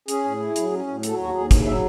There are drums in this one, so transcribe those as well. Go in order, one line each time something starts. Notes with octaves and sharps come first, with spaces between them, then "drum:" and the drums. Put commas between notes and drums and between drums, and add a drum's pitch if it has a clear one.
C#4 G#4, drum: hi-hat
A2
E4
F#3, drum: hi-hat
C#4
A2
F#3 A4, drum: hi-hat
D#2 F#4
D#2 G#4
C#3, drum: kick, hi-hat
F#3 E5